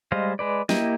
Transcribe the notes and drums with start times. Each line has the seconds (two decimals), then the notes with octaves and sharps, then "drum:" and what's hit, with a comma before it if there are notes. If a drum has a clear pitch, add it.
0.12 G3 G#3 C5 D#5 F5
0.39 G#3 B4 D5
0.69 A#3 E4 G4 D#5, drum: snare